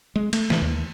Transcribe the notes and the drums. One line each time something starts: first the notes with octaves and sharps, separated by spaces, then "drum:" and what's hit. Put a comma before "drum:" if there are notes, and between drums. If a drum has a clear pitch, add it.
G#3
A3, drum: cymbal
E3, drum: snare
D#2